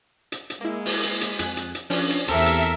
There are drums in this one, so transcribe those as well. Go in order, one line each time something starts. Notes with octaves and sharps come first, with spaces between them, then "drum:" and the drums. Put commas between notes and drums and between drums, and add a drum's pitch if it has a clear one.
drum: hi-hat
drum: hi-hat
G#3 A#3 E4
drum: open hi-hat
drum: hi-hat
drum: hi-hat
F2 G#4 F#6, drum: hi-hat
drum: hi-hat
drum: hi-hat
F3 C#4 D4, drum: open hi-hat
drum: hi-hat
E2 C4 G4 A4 A#4 E5, drum: hi-hat
drum: hi-hat